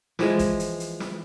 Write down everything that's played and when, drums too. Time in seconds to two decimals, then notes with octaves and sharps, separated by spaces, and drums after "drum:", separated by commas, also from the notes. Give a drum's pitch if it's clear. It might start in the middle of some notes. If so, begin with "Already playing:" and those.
0.19 E3 F3 G#3, drum: snare
0.39 drum: kick A1, hi-hat
0.60 drum: hi-hat
0.80 drum: hi-hat
1.00 drum: snare